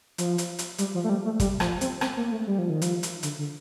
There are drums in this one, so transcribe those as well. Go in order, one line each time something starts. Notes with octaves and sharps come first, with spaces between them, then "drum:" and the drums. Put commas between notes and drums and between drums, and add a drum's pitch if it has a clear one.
F3, drum: hi-hat
drum: hi-hat
drum: hi-hat
G3, drum: hi-hat
F3
A3
G3
A3
G3, drum: kick, hi-hat
F3, drum: rim click
C4, drum: hi-hat
C4, drum: rim click
A#3
A3
G3
F3
D#3
F3, drum: hi-hat
drum: hi-hat
D3, drum: hi-hat
D3